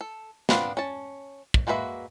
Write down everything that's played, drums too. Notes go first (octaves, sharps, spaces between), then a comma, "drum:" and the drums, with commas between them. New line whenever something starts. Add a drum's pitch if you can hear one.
A4
B3 C4 D4 B4 F5, drum: snare
C#4 A5
drum: kick
G#3 A#3 F#4 B4 E5